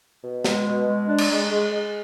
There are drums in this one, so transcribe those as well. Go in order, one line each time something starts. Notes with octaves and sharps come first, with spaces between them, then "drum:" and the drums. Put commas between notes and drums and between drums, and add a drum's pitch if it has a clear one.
B2
G#3, drum: snare
B2
G#3
D4
drum: cymbal
G#3
G#3
G#3